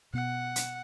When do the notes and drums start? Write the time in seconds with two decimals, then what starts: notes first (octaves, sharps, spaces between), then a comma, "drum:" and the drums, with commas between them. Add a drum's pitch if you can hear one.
0.13 B2 B3 F#5
0.56 drum: hi-hat